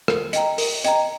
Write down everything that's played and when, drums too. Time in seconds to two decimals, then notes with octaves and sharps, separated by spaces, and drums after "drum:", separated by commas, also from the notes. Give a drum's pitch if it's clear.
0.08 A#4, drum: rim click
0.33 D#5 G5 A#5, drum: hi-hat
0.58 A#4, drum: open hi-hat
0.85 D#5 G5 A#5, drum: hi-hat